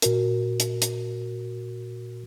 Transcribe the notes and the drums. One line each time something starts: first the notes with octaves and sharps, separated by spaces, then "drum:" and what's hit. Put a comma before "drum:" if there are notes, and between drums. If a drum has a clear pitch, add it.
A#2 F#4 A#4, drum: hi-hat
drum: hi-hat
drum: hi-hat